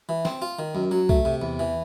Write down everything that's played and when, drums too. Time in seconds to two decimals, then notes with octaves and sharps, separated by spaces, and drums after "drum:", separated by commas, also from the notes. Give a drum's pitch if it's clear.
0.09 E3
0.25 C4, drum: snare
0.42 F4
0.59 D#3
0.75 F#2
0.91 F#3
1.09 A3, drum: kick C2
1.25 C3
1.42 E2
1.59 E3